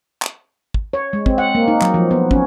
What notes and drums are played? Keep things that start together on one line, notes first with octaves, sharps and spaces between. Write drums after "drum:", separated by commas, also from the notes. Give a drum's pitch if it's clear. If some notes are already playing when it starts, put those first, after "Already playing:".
drum: clap
drum: kick
C#5
G#3
C4, drum: kick
F#5
A#3
D#4
F#3, drum: clap
F3
B3
C#4, drum: kick